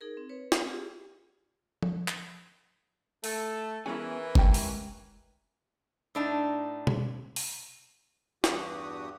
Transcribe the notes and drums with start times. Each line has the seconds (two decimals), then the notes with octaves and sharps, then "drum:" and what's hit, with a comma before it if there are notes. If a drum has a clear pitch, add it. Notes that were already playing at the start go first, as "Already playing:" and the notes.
0.01 D#4 G#4 A#4
0.17 C4
0.29 B4 C#5
0.52 C4, drum: snare
0.66 F4 G4 G#4
1.83 drum: tom F3
2.08 drum: clap
3.24 A3 A4, drum: open hi-hat
3.86 E3 B3 C#4 E4 G#4 A#4 G#5
4.35 G#3 C#4 G4 G5, drum: kick F#1
4.54 drum: open hi-hat
6.15 A2 D4 D#4
6.87 drum: tom B2
7.36 drum: open hi-hat
8.44 E2 G2 F#4 G4 D#6, drum: snare